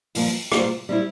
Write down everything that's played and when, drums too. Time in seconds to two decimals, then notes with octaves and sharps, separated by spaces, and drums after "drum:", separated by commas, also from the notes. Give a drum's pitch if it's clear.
0.15 G2 F3 A#3, drum: open hi-hat
0.52 G3 A#3 F4 C5, drum: rim click
0.89 G3 C4 E4